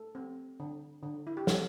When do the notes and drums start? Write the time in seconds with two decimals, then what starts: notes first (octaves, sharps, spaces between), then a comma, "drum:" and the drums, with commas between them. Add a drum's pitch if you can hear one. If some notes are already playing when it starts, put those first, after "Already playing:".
Already playing: A3 A4
0.15 C4
0.60 D3
1.03 D3
1.27 E4
1.37 G4
1.47 C4 A4, drum: snare